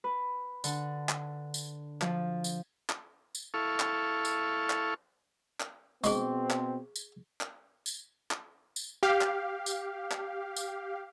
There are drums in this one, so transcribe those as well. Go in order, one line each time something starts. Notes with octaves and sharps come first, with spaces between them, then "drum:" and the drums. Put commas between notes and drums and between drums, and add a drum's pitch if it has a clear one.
B4
D3, drum: tambourine
drum: clap
drum: tambourine
F3, drum: clap
drum: tambourine
drum: clap
drum: tambourine
E4 A4 F5 C#6
drum: clap
drum: tambourine
drum: clap
drum: clap
B2 G#3 C4 D4 G#4 C#6, drum: tambourine
drum: clap
drum: tambourine
drum: clap
drum: tambourine
drum: clap
drum: tambourine
G4 F5
drum: clap
drum: tambourine
drum: clap
drum: tambourine